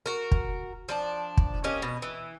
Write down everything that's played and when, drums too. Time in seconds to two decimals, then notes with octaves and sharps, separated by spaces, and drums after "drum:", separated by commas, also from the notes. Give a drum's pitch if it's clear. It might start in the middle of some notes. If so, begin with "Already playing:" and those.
0.06 F#4 A#4
0.31 drum: kick
0.89 F3 D4 A5
1.37 drum: kick
1.64 A#3 C#4 G4 D#5
1.82 B2
2.02 E3